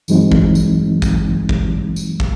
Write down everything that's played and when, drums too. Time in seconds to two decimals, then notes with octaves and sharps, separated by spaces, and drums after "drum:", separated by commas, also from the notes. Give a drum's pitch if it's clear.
0.08 G2 E3 F#3 G#3 C4 D#4, drum: tambourine
0.32 drum: kick
0.55 drum: tambourine
1.02 drum: kick, tambourine
1.49 drum: kick
1.96 drum: tambourine
2.20 drum: kick